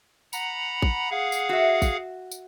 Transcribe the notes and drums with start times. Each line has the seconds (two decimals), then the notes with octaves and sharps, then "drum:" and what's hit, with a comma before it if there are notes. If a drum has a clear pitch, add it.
0.33 F#5 A#5 B5, drum: tambourine
0.82 drum: kick
1.11 G#4 F5 F#5
1.32 drum: tambourine
1.49 F#4 E5
1.82 drum: kick, tambourine
2.32 drum: tambourine